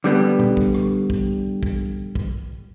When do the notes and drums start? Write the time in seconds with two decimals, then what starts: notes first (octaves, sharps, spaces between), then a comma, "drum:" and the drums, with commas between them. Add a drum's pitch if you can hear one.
0.04 D3 G3 B3
0.39 drum: tom A#2
0.57 drum: kick
0.75 drum: rim click
1.10 drum: kick
1.63 drum: kick
2.15 drum: kick